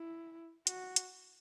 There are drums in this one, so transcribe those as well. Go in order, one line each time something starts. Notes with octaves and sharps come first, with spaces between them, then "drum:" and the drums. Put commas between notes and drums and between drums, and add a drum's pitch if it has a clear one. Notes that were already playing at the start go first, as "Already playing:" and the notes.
Already playing: E4
F#4, drum: hi-hat
drum: hi-hat